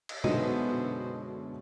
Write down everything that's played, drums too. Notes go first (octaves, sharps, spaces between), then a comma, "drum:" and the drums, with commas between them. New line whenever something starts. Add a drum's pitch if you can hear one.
drum: cymbal
F#2 B2 D3 G#3 B3 D#4 C5 E5, drum: tom